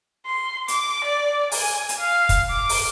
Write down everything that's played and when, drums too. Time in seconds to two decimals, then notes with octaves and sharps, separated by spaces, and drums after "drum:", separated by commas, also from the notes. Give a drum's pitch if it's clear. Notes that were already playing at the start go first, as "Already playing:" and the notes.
0.26 C6
0.68 D6, drum: hi-hat
1.04 D5
1.52 G#5, drum: open hi-hat
1.89 drum: hi-hat
1.99 F5
2.29 drum: kick, hi-hat
2.49 D6
2.69 drum: open hi-hat